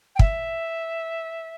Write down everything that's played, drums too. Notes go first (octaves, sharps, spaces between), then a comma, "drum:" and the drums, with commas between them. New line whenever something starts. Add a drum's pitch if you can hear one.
G5
E5, drum: kick